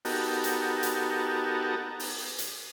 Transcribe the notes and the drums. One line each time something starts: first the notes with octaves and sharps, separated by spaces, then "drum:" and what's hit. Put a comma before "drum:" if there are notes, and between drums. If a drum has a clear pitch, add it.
B3 D#4 F#4 G4 A4 A#4, drum: open hi-hat
drum: hi-hat
drum: hi-hat
drum: open hi-hat
drum: hi-hat